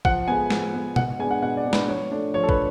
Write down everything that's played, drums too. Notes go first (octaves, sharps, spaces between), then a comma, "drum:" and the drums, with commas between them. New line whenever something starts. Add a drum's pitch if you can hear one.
F3 F#5, drum: kick
G#3 B3 G#5
F3, drum: snare
G#3 B3
B2 F#5, drum: tom B2
G#3 B3 D4 G#5
F#5
B2 F#5
D5
G#3 B3 D4
B4, drum: snare
F3 C#5
A3 D4
F3 C#5
A4
B4, drum: kick